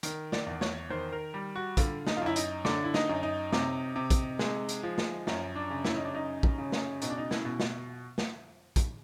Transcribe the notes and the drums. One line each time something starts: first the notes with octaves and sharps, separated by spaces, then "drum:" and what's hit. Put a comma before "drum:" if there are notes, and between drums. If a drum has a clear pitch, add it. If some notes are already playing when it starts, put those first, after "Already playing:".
D#3, drum: hi-hat
D5, drum: snare
E2
C#5, drum: snare
D#3 C5
A#4
G3
F#4
D3 F4, drum: kick, hi-hat
D#4, drum: snare
F4
F#2 E4
D#4, drum: hi-hat
D3 D4, drum: snare
E4
D#4, drum: snare
F#2
D#4
C3, drum: snare
C3
drum: kick, hi-hat
G#3, drum: snare
drum: hi-hat
F3
drum: snare
F#2, drum: snare
D4
C#3
E4, drum: snare
D#4
D4
F#2 D#4
drum: kick
C#3
drum: snare
B2 D#4, drum: hi-hat
D4
D#4
E4, drum: snare
B2
drum: snare
drum: snare
drum: kick, hi-hat